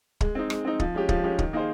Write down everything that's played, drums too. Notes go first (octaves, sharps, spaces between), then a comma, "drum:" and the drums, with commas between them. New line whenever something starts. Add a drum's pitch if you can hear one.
G#3, drum: kick
C4 D#4
G#3, drum: rim click
C4 D#4
F3, drum: kick
G#3 C#4 G4
F3, drum: kick
G#3 C#4 G4
D#3, drum: kick
A#3 D#4 G#4 C5